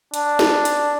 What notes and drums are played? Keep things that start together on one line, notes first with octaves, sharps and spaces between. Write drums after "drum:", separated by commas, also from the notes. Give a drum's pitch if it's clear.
D4, drum: hi-hat
drum: snare
drum: hi-hat